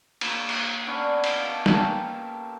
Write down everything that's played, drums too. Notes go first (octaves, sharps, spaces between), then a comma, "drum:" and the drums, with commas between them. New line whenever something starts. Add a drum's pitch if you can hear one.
A#3 C#5 B5, drum: cymbal
drum: cymbal
B3 C#4 D4
D#5 F5, drum: cymbal
A5
A#3 C#4 G4 A4, drum: snare